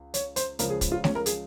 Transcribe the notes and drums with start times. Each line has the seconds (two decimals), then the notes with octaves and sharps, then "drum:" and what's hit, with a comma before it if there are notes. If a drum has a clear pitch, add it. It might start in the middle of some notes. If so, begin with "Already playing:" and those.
Already playing: C#2
0.14 C#5, drum: hi-hat
0.36 C5, drum: hi-hat
0.59 C#2 C#3 F3 G#3 A#4, drum: hi-hat
0.70 G#4
0.81 drum: kick, hi-hat
0.92 F4
1.04 C#4, drum: snare
1.15 A#4
1.26 G#4, drum: hi-hat